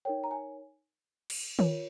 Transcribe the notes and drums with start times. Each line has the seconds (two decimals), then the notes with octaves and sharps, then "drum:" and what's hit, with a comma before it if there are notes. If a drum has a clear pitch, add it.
0.05 D#4 A#4 C#5 G5
0.24 A#5
0.31 G#5
1.30 drum: cymbal
1.59 F4 A#4 C#5, drum: tom D#3